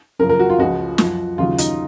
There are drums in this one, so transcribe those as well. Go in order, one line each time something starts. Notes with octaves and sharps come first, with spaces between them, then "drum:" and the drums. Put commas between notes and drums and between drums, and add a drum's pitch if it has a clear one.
F#2 C#3 F3 A#4
A#4
F#4
F4
C#2 C#3 F3 F#4
F#2 F3, drum: snare
D#2 C#3 F#3 F4
D#4, drum: hi-hat